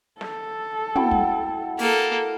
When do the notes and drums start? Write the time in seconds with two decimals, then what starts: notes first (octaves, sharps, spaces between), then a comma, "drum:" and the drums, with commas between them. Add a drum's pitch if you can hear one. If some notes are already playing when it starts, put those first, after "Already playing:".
0.21 A4, drum: snare
0.95 E4 F#4 G5, drum: tom
1.11 drum: kick
1.79 A#3 A4, drum: open hi-hat